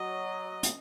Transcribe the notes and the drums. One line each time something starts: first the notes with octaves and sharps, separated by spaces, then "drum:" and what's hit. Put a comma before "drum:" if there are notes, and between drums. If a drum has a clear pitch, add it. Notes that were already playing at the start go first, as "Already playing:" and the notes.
Already playing: F#3 D#5
drum: hi-hat